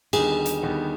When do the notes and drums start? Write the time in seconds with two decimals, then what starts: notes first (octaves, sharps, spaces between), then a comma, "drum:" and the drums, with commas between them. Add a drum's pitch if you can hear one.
0.13 D#2 D3 G3 B3 D#4 G#4, drum: cymbal
0.46 drum: hi-hat
0.62 D#2 D3 G3 B3 D#4